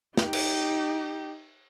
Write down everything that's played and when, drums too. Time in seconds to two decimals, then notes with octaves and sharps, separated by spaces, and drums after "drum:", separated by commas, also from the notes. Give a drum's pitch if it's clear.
0.17 D#4 G4, drum: snare
0.33 drum: cymbal